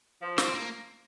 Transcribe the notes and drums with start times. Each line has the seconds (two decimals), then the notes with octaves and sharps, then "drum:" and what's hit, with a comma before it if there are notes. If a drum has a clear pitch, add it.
0.22 F3
0.38 C4, drum: snare
0.54 A#3